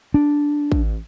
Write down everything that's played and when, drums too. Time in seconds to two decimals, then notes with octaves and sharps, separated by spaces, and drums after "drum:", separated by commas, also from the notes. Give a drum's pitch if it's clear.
0.14 D4
0.72 drum: kick A1